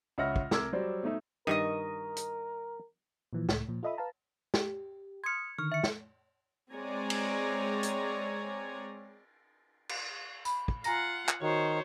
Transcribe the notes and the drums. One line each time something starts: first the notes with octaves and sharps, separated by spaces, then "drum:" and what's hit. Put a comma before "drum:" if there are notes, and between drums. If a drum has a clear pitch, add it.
C#2 C#4 E5 F#5 F6 A#6
drum: kick
C2 A#4 D6 E6 G#6, drum: snare
F#3 G3 C5 D5
B2 A3 D#4 E5
G2 D#3 A#4 D#5 C#6 D#6
drum: hi-hat
A#2 E3 F3
C#2 A2, drum: snare
A#2 F3
F4 A4 D#5 E5 B5 D#6
B4 F5 A5 A#5
G4, drum: snare
C6 D#6 F6 G#6 C#7
D3 D#3 C#6 F6
E5 C#7
drum: snare
G#3 C4 C#5 D5 G#5 A#5
drum: cymbal
drum: hi-hat
drum: cymbal
B5, drum: tambourine
drum: kick
F4 F#5 G#5 A#5 A#6, drum: tambourine
drum: clap
D#3 F#4 C5 C#5